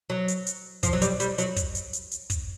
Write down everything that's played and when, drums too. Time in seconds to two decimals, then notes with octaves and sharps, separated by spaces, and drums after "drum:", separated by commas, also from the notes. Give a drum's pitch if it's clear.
0.10 F#3
0.28 drum: hi-hat
0.46 drum: hi-hat
0.83 F3, drum: kick, hi-hat
0.93 F#3
1.02 G3, drum: hi-hat
1.20 G3, drum: hi-hat
1.38 F#3, drum: hi-hat
1.56 drum: kick, hi-hat
1.75 drum: hi-hat
1.93 drum: hi-hat
2.11 drum: hi-hat
2.30 drum: kick, hi-hat